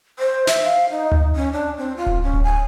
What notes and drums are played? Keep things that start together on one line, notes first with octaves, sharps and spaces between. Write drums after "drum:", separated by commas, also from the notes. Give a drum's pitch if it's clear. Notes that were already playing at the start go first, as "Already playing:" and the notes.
C5
E5, drum: snare
F5
D#4
drum: tom D2
C#4
D4
C4
F4
drum: kick D1
C#4
drum: kick D1
G#5